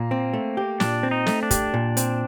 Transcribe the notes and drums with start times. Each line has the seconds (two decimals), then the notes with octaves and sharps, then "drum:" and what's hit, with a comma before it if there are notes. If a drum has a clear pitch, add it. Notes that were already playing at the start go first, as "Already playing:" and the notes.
Already playing: A#2 A#3
0.11 C4
0.33 A3
0.57 G4
0.80 A#2 D4, drum: snare
1.03 C4
1.11 D#4
1.27 A3, drum: snare
1.43 D4
1.51 G4, drum: kick, hi-hat
1.74 A#2
1.97 C4, drum: hi-hat